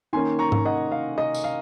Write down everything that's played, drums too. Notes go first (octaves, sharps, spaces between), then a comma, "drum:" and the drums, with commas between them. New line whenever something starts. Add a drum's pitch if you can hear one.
D#3 A#3 C#4 G#5 C6
A#5 C#6
drum: tom G#2
D#5 F#5
F5
D#5
drum: tambourine
F5